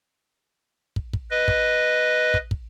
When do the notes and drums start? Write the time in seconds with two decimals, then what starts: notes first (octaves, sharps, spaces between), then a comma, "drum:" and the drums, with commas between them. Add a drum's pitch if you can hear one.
0.96 drum: kick
1.13 drum: kick
1.31 B4 D#5
1.48 drum: kick
2.34 drum: kick
2.51 drum: kick